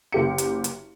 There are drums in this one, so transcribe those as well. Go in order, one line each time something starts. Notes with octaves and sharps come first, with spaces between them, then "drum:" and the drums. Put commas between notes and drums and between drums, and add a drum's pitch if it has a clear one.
F#1 G4 C#7
drum: hi-hat
drum: hi-hat